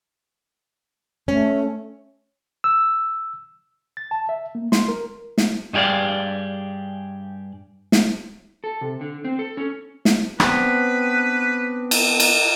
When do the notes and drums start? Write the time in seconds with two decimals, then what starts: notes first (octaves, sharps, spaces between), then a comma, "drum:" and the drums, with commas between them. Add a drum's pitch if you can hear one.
1.28 A3 C#4
2.64 E6
3.97 A6
4.11 A5
4.29 E5
4.55 A#3
4.72 C6, drum: snare
4.88 A#4
5.38 drum: snare
5.73 G2 D#4 G4 G#4 D5 F5
7.92 drum: snare
8.64 A4
8.81 C3
9.01 D3
9.24 C4
9.39 A4
9.57 C#4
10.05 drum: snare
10.40 B3 C4 D4 B4, drum: rim click
11.91 drum: cymbal
12.20 drum: cymbal